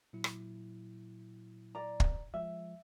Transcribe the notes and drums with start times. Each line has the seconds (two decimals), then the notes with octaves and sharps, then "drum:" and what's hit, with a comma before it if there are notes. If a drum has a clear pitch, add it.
0.13 A#2 F#3 E4
0.24 drum: rim click
1.75 D5 A#5
2.00 drum: kick
2.34 F3 G#3 E5